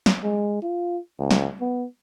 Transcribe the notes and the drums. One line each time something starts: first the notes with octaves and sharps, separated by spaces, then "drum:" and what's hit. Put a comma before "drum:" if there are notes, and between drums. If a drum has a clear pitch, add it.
drum: snare
G#3
F4
C#2
drum: snare
B3